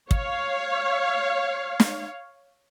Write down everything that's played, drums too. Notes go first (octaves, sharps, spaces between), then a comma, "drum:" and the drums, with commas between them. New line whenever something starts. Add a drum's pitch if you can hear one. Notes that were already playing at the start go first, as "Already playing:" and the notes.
C#5 F5, drum: kick
drum: snare